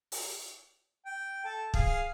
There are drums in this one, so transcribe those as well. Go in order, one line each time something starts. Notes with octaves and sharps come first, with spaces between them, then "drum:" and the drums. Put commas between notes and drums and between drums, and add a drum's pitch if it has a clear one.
drum: open hi-hat
G5
A4
G#4 F5, drum: kick